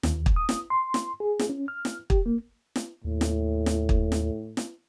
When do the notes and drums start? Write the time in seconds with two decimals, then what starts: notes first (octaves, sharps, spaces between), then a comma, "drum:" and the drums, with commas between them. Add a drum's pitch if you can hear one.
0.03 D#2, drum: snare
0.26 drum: kick
0.36 D#6
0.49 drum: snare
0.70 C6
0.94 drum: snare
1.20 G#4
1.39 drum: snare
1.49 C#4
1.68 F6
1.85 drum: snare
2.10 G4, drum: kick
2.26 A#3
2.76 drum: snare
3.04 D#2 A2
3.21 drum: snare
3.66 drum: snare
3.89 drum: kick
4.12 drum: snare
4.57 drum: snare